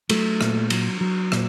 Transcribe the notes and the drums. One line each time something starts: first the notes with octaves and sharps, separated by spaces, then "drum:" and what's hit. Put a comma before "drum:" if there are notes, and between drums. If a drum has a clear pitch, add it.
F#3 A3, drum: cymbal
A#2, drum: rim click
F#3, drum: cymbal
F#3
A#2, drum: rim click